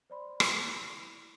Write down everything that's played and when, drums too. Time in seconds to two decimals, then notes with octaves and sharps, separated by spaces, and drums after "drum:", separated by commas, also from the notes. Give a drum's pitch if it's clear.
0.10 C5 D5 B5 C6
0.40 drum: rim click
0.66 E4 B5 C6 A#6 F7